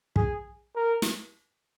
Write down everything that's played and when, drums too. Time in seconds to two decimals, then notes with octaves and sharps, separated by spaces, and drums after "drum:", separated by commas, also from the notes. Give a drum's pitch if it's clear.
0.16 G#4, drum: kick
0.76 A#4
1.02 drum: snare